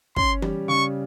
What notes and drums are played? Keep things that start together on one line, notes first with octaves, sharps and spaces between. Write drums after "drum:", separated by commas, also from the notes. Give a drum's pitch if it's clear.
C#4 C6, drum: kick
G3, drum: tom E3
C#3 C#6